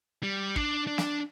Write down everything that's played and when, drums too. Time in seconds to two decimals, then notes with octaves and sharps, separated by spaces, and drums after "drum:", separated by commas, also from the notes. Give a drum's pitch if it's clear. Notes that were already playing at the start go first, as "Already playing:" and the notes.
0.23 G3
0.56 D4, drum: kick
0.87 D4
0.98 drum: snare